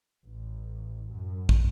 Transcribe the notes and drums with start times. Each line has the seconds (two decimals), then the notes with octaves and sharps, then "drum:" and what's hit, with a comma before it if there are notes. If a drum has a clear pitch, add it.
0.24 A1
1.12 F#2
1.49 drum: kick